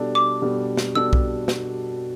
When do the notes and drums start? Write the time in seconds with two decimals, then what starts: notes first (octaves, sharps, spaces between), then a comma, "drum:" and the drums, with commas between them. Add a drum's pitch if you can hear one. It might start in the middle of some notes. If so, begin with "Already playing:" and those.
Already playing: B2 G3 D4 A4
0.15 D6
0.42 B2 G3 D4 A4
0.77 drum: snare
0.95 B2 G3 D4 A4 E6
1.13 drum: kick B1
1.48 drum: snare